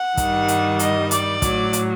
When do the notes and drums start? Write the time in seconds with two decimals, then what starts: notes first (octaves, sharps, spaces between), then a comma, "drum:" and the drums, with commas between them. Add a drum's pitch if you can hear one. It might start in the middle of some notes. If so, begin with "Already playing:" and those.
Already playing: F#5
0.17 G2 D#3 G3, drum: kick, hi-hat
0.48 drum: hi-hat
0.79 D#5, drum: hi-hat
1.11 D5, drum: hi-hat
1.42 A2 F#3, drum: kick, hi-hat
1.73 drum: hi-hat